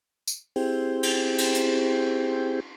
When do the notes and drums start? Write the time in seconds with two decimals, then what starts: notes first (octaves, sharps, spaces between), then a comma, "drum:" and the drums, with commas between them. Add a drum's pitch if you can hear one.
0.28 drum: tambourine
0.56 C4 E4 G4 G#4 C5 G5, drum: open hi-hat
1.03 drum: cymbal
1.38 drum: cymbal
1.54 drum: hi-hat